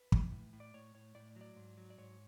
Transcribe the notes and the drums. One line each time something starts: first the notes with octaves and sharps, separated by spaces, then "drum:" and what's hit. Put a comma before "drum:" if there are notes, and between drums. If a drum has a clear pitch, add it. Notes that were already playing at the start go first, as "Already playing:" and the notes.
Already playing: B4
E3, drum: kick
A2
A2
D5
A2 C#5
A2 C#5
A2 D5
F#3
D5
G#2
F#3
D5
G#2 C#5